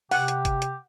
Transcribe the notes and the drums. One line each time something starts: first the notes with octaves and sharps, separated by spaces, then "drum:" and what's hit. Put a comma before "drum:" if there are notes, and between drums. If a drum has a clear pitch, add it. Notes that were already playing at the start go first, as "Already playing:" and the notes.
C3 G4 F#5, drum: open hi-hat
drum: hi-hat
drum: kick G1, hi-hat
drum: hi-hat